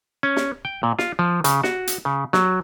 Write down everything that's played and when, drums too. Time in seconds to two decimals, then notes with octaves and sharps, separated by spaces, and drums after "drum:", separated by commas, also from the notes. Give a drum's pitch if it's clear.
0.23 C#4
0.36 drum: snare
0.65 G5
0.83 A#2
0.99 F4, drum: snare
1.19 F3
1.44 C#3, drum: hi-hat
1.64 F#4, drum: snare
1.87 drum: hi-hat
2.05 C#3
2.33 F#3, drum: snare